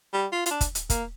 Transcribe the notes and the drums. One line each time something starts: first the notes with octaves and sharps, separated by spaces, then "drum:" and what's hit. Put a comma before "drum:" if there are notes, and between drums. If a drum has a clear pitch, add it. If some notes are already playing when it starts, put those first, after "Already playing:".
G3
F4
F4, drum: hi-hat
D4
drum: kick, hi-hat
drum: hi-hat
A#3, drum: kick, hi-hat